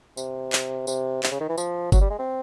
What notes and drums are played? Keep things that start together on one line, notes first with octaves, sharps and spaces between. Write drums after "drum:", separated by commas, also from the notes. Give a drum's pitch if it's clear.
C3, drum: tambourine
drum: clap
C3, drum: tambourine
C3, drum: clap
C#3
D#3
E3
F3, drum: tambourine
F#3, drum: kick G1, tambourine
G3
G#3
C4